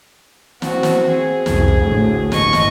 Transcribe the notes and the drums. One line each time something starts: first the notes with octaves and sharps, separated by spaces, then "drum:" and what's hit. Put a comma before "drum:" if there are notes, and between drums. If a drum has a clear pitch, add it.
C4 F#4, drum: snare
drum: snare
G#4
C2 F2, drum: snare
drum: kick
D2 A2
G1 D#5 C#6, drum: snare
drum: snare